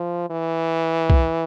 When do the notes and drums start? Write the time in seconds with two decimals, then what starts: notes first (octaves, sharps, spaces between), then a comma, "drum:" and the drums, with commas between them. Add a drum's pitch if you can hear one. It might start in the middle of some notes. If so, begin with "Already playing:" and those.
Already playing: F3
0.30 E3
1.10 drum: kick